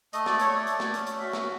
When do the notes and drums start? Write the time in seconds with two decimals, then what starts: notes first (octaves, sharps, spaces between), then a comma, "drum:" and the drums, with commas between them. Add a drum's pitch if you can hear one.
0.13 A3 D#5, drum: hi-hat
0.26 D5, drum: snare
0.39 A3 C#5, drum: hi-hat
0.54 D5
0.67 A3, drum: hi-hat
0.80 drum: snare
0.94 C#4, drum: hi-hat
1.07 drum: hi-hat
1.20 F#4 E5
1.33 drum: snare